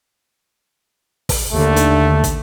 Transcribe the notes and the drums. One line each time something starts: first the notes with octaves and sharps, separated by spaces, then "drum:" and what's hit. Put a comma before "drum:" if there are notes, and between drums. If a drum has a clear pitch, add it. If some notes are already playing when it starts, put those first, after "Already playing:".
drum: kick, open hi-hat
D#2 D3 A3
drum: hi-hat
drum: kick, hi-hat